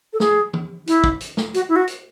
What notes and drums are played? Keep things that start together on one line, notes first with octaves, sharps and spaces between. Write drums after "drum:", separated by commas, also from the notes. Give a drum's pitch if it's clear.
A4
G#4, drum: snare
drum: tom E3
E4, drum: hi-hat
drum: kick
drum: hi-hat
drum: snare
F#4, drum: hi-hat
E4
F#4
drum: hi-hat